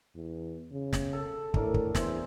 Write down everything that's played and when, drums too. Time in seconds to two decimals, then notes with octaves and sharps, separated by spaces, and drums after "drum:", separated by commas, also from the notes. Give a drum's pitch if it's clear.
0.16 E2
0.72 C#3
0.93 drum: snare
1.13 A4
1.54 A2 A3 D4 A#4, drum: kick
1.74 drum: kick
1.95 E2 G#4 C5 E5, drum: snare